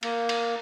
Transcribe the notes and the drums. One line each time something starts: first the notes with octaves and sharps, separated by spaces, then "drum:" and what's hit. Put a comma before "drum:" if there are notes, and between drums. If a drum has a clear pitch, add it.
A#3, drum: cymbal
drum: cymbal